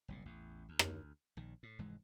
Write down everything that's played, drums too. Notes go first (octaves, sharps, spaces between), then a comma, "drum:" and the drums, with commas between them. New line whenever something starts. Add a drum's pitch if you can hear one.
F#1 C2 A#2
A1 E2
D2
drum: rim click
A#1 D#3
A2
F1 G#2 E3 G#3